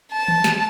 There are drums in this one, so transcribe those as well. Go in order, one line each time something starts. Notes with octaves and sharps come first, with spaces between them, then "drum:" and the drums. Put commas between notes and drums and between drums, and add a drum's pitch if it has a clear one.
A5
drum: tom D#3
drum: snare